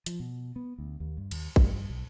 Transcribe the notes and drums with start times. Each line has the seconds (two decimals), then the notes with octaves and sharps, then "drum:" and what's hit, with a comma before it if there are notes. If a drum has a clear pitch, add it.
0.06 F3, drum: hi-hat
0.20 B2
0.56 B3
0.78 D2
1.00 D#2
1.17 G2
1.31 D#2, drum: cymbal
1.56 G2, drum: kick A1
1.90 B1